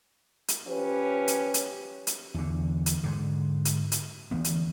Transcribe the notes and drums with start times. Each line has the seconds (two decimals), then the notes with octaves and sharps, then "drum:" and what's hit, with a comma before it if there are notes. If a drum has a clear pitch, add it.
0.48 drum: hi-hat
0.68 F3 C#4 G4 B4
1.28 drum: hi-hat
1.54 drum: hi-hat
2.07 drum: hi-hat
2.34 E2 D3
2.86 drum: hi-hat
3.04 G#2 D3
3.65 drum: hi-hat
3.92 drum: hi-hat
4.31 D2 E3 A3 B3
4.44 drum: hi-hat